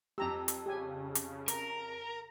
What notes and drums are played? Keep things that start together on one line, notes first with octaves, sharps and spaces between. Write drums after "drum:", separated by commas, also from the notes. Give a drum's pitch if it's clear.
F2 G4 A#5 E6
drum: hi-hat
C#3 G4 G#5
drum: hi-hat
A#4 A#5, drum: hi-hat